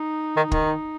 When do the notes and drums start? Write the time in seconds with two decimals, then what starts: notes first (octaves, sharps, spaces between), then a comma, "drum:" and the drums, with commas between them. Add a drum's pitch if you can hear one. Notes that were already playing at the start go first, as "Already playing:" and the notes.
Already playing: D#4
0.37 D#3
0.51 D#3, drum: kick
0.66 D#4